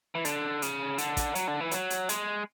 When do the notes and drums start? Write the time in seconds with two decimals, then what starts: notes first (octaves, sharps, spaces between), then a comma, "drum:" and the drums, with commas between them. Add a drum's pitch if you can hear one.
0.15 E3
0.25 D3, drum: hi-hat
0.62 C#3, drum: hi-hat
0.98 D3, drum: hi-hat
1.17 drum: kick A1, hi-hat
1.35 F#3, drum: hi-hat
1.48 D3
1.60 E3
1.71 F#3, drum: hi-hat
1.90 drum: hi-hat
2.09 G#3, drum: hi-hat